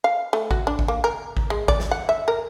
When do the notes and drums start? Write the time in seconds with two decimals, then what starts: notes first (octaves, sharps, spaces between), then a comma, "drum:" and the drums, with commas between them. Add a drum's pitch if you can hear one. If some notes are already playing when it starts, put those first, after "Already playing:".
0.04 F5
0.33 A3
0.51 F#4, drum: kick A1
0.67 D4
0.79 drum: kick A1
0.88 A#3
1.04 A#4
1.37 drum: kick A1
1.50 G#3
1.68 D5, drum: kick A1
1.80 drum: snare
1.91 F#5
2.09 E5
2.28 A#4